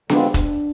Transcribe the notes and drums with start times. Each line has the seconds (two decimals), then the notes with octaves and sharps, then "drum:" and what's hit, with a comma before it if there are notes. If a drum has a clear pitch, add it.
0.09 D3 G#3 C4 D4 F4 B4, drum: snare B3
0.34 drum: kick E1, hi-hat